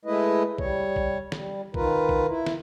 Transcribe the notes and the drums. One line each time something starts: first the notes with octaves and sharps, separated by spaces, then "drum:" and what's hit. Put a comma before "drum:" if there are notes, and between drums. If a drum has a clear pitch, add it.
G#3 A3 E4 B4 D#5
G3 C#5, drum: kick
drum: kick
G3, drum: snare
D#3 F4 A#4 B4, drum: kick
drum: kick
E4
drum: snare